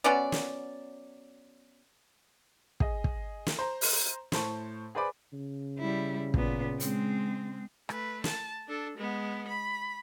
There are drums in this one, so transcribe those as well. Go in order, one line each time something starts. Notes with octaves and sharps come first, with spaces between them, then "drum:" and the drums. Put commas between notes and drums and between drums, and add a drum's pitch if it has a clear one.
F#3 B3 C#4 D5
drum: snare
G#4 D#5, drum: kick
drum: kick
drum: snare
C5 A#5
drum: open hi-hat
A2 C5 A5 C#6, drum: snare
G#4 B4 C5 D5 B5 D6
C#3
G3 E4
A#2 B3, drum: kick
G#3 C4, drum: hi-hat
A3 B4, drum: rim click
A5, drum: snare
D4 A4
G#3 B3
B5